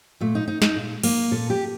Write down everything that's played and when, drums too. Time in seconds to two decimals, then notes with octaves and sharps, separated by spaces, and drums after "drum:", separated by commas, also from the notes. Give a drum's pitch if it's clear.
0.20 A#2 A3
0.35 D#4
0.48 D#4
0.62 D#4, drum: snare
0.76 A#2
1.03 A#3, drum: cymbal
1.31 A#2 A4
1.50 G4